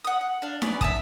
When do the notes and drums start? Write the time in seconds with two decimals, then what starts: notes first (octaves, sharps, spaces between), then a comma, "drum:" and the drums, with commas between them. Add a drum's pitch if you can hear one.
0.05 F#5 D#6
0.21 F#5
0.42 D4 F5
0.62 B3 C#4 D5 G#5, drum: snare D#4
0.81 E5 G#5 A5 D#6, drum: kick